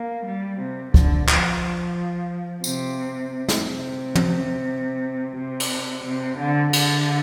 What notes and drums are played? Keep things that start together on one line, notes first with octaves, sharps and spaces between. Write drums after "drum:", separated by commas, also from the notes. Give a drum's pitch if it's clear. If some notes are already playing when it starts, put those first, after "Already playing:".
Already playing: A#3
G3
C3
D3, drum: kick
F3, drum: clap
C3, drum: tambourine
drum: snare
C3
drum: tom
C3
drum: cymbal
C3
D3
D3, drum: cymbal